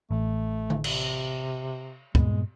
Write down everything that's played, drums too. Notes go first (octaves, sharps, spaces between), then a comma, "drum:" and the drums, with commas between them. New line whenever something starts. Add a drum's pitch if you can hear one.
A1 A3
drum: tom D3
C3, drum: cymbal
G2 A#2 G#3 B3, drum: kick